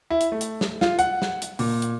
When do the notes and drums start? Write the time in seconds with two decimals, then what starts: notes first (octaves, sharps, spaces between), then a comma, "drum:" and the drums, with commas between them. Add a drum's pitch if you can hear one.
0.10 E4
0.21 drum: hi-hat
0.32 A3
0.41 drum: hi-hat
0.61 drum: snare
0.81 F4, drum: snare
0.99 F#5, drum: hi-hat
1.22 drum: snare
1.42 drum: hi-hat
1.59 A#2, drum: open hi-hat
1.82 drum: hi-hat